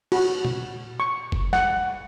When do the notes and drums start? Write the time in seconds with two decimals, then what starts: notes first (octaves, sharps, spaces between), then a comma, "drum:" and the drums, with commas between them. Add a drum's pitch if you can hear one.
0.12 F#4, drum: cymbal
0.45 drum: tom A#2
1.00 C#6
1.32 drum: kick F#1
1.53 F#5, drum: snare